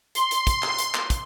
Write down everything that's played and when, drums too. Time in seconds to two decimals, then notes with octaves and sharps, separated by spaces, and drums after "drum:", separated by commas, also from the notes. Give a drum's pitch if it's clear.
0.15 C6, drum: hi-hat
0.31 drum: hi-hat
0.47 drum: kick, hi-hat
0.63 drum: clap
0.78 drum: hi-hat
0.94 drum: clap
1.10 drum: kick, hi-hat